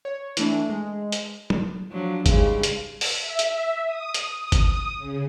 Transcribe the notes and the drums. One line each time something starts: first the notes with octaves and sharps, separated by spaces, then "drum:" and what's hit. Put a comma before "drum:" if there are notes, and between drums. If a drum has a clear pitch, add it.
C#5
E3 A3 D4, drum: hi-hat
G#3
drum: hi-hat
drum: tom
F3 F#3 D4
G#2 C#3 G3, drum: kick G1, hi-hat
drum: hi-hat
drum: open hi-hat
E5
drum: hi-hat
D#6
drum: hi-hat
D#6
drum: kick G1, hi-hat
C#3